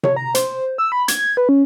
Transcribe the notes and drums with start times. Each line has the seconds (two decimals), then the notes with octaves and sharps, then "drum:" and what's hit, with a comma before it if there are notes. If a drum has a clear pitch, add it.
0.03 C#5, drum: tom C3
0.16 A#5
0.35 C5, drum: hi-hat
0.78 E6
0.92 B5
1.08 G#6, drum: hi-hat
1.37 B4
1.49 C#4